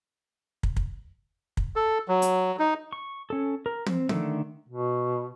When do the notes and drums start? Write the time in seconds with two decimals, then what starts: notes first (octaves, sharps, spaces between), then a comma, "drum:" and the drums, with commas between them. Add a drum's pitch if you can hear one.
0.63 drum: kick
0.76 drum: kick
1.57 drum: kick
1.76 A4
2.08 F#3
2.22 drum: hi-hat
2.59 D#4
2.93 C#6
3.30 C#4 A4
3.66 A#4
3.86 C4, drum: tom
4.09 D3 D#3 A3, drum: tom
4.69 B2